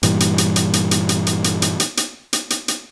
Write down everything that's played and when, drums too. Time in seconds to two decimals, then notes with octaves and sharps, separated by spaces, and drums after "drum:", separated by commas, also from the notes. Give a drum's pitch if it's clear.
0.03 G2 A#2 E3 G3, drum: hi-hat
0.20 drum: hi-hat
0.38 drum: hi-hat
0.56 drum: hi-hat
0.73 drum: hi-hat
0.91 drum: hi-hat
1.09 drum: hi-hat
1.27 drum: hi-hat
1.44 drum: hi-hat
1.62 drum: hi-hat
1.80 drum: hi-hat
1.97 drum: hi-hat
2.33 drum: hi-hat
2.50 drum: hi-hat
2.68 drum: hi-hat